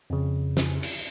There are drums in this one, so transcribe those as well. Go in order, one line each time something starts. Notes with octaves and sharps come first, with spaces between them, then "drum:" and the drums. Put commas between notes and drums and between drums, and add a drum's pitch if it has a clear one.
F2 C#3
drum: snare
drum: cymbal